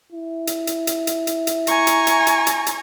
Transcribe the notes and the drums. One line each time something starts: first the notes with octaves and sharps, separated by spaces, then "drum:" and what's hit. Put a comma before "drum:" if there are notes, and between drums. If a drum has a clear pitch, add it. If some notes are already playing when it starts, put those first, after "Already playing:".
E4
drum: hi-hat
drum: hi-hat
drum: hi-hat
drum: hi-hat
drum: hi-hat
drum: hi-hat
G#5 A#5 C#6, drum: hi-hat
drum: hi-hat
drum: hi-hat
drum: hi-hat
drum: hi-hat
drum: hi-hat